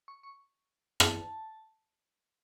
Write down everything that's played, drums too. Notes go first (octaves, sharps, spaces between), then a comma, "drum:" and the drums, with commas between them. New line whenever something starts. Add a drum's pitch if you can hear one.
C#6
C#6
A5, drum: rim click